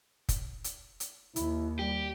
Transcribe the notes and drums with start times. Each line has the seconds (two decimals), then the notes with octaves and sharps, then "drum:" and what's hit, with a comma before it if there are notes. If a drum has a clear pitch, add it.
0.29 drum: kick F1, hi-hat
0.64 drum: hi-hat
1.00 drum: hi-hat
1.36 D#2 E4, drum: hi-hat
1.79 G3 G4